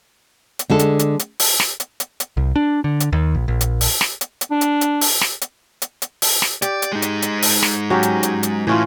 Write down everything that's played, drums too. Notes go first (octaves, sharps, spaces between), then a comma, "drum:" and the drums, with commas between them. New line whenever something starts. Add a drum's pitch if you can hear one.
drum: hi-hat
D3 G#3 A4
drum: hi-hat
drum: hi-hat
drum: hi-hat
drum: open hi-hat
drum: snare
drum: hi-hat
drum: hi-hat
drum: hi-hat
C2
D4
D3
drum: hi-hat
D#2
A#1
A#1
drum: hi-hat
drum: open hi-hat
drum: snare
drum: hi-hat
drum: hi-hat
D4
drum: hi-hat
drum: hi-hat
drum: open hi-hat
drum: snare
drum: hi-hat
drum: hi-hat
drum: hi-hat
drum: open hi-hat
drum: snare
G4 D5, drum: hi-hat
drum: hi-hat
G#3 D#4
drum: hi-hat
drum: hi-hat
drum: open hi-hat
drum: snare
F#3 C#4 G4
drum: hi-hat
drum: hi-hat
drum: hi-hat
A2 E3 C#4 F4